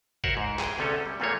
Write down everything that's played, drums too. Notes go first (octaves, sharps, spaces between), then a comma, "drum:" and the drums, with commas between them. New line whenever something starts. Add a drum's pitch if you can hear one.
F#4 A#4 C5 C#5 E5 F#5, drum: kick
G#2
G#4 G5, drum: clap
D2 C3 A3 C#4 A4 C#5
G3
E2 A#2 A3 A#3 F4 C#5